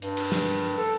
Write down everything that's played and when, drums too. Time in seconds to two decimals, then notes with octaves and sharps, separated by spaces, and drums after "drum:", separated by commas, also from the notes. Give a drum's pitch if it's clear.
0.02 G2, drum: hi-hat
0.17 drum: cymbal
0.32 drum: snare
0.78 A4